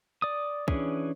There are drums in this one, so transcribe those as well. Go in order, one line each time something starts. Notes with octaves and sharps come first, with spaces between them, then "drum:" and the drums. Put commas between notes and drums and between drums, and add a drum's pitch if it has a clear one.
D5 D#6
E3 C#4 D4 G#4, drum: kick